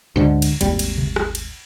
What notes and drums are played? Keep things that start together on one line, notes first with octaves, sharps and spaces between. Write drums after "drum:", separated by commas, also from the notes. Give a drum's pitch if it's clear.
D2 G#2 D3
drum: cymbal
G#1 D#2 G3, drum: cymbal
drum: cymbal
drum: tom B2
drum: rim click
drum: cymbal